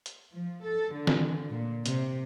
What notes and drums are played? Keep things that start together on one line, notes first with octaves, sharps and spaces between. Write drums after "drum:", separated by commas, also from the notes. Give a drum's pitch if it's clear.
drum: hi-hat
F3
A4
D3
drum: snare
A#2
C3, drum: hi-hat